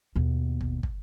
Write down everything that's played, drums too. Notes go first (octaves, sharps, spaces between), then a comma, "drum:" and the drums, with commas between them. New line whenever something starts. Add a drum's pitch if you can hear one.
D#2 B2
drum: kick
drum: kick